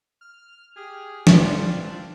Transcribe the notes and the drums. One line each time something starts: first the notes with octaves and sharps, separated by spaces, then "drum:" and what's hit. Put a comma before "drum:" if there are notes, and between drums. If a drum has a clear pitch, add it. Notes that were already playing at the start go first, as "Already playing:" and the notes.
F6
G4 G#4 F6
C4 D4 F4 D5, drum: snare